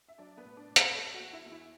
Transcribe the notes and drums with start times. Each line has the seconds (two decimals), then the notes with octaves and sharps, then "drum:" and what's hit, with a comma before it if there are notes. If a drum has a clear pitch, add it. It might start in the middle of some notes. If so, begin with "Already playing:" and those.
0.08 E5
0.18 F#3 D4 D5
0.37 B3 B4
0.44 A2
0.57 D4 D5
0.70 A2
0.76 B4 B5, drum: hi-hat
0.95 G3 A4 A5
1.14 F#4 F#5
1.20 E2
1.33 E4 E5
1.46 E2
1.52 E4 E5